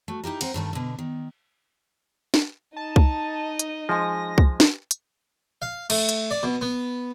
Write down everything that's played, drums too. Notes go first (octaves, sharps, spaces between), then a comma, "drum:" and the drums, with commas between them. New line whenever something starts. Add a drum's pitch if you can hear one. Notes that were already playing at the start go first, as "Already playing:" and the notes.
A3 F#4
D#4 E4 G4 A#4
C4 A#4 F#5, drum: cymbal
G2 D#3 A3
B2 D3
D#3
drum: snare
D#4 D#5 A5
drum: kick C2
drum: hi-hat
F3 G#3 G#5 A#6
drum: kick C2
drum: snare
drum: hi-hat
F5
A3, drum: cymbal
drum: hi-hat
D5
B2
B3